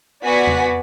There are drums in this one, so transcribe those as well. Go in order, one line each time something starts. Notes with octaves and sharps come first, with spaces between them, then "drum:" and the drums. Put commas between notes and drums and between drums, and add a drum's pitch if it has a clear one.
B3 F#4 D5 F#5 G#5 B6
drum: tom E2